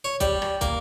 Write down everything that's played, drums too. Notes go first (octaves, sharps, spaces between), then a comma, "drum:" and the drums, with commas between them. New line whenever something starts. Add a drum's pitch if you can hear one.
C#5
G3, drum: kick, hi-hat
drum: rim click
A#3, drum: kick, hi-hat